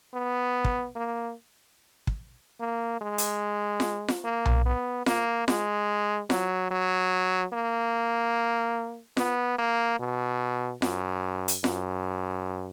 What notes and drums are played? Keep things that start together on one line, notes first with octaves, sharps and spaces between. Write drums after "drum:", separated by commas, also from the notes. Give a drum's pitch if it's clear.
B3
drum: kick
A#3
drum: kick
A#3
G#3
drum: hi-hat
drum: snare F4
drum: snare F4
A#3
drum: tom B1
B3
A#3, drum: snare F4
G#3, drum: snare F4
F#3, drum: snare F4
F#3
A#3
B3, drum: snare F4
A#3
B2
F#2, drum: snare F4
drum: hi-hat
F#2, drum: snare F4